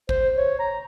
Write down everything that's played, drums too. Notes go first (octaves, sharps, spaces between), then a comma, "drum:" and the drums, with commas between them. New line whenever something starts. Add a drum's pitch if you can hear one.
C5, drum: kick
C#5
A#5